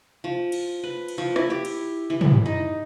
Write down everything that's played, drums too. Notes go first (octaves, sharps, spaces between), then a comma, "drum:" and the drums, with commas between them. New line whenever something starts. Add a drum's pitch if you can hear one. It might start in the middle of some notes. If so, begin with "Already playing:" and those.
F3
drum: cymbal
B4
drum: cymbal
F3
E4, drum: rim click
G4
drum: cymbal
E3
drum: tom
D#4